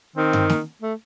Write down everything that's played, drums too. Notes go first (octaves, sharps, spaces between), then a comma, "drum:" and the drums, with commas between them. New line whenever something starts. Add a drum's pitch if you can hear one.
D#3 C4
drum: tom G2
drum: snare
A3